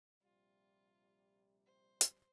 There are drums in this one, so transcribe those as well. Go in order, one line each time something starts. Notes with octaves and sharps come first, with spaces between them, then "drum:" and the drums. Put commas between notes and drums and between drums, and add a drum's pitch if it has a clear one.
A#1 C3 G3 F4
C5
drum: hi-hat